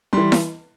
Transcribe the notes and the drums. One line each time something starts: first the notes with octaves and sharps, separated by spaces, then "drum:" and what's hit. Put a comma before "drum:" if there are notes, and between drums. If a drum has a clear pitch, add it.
E3 G3 C6
drum: snare E4